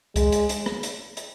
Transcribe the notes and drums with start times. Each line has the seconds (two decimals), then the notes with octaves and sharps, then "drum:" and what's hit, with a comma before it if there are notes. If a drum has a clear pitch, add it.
0.16 G#3, drum: kick C#2, hi-hat
0.32 drum: hi-hat
0.49 drum: hi-hat
0.66 drum: rim click
0.83 drum: hi-hat
1.17 drum: hi-hat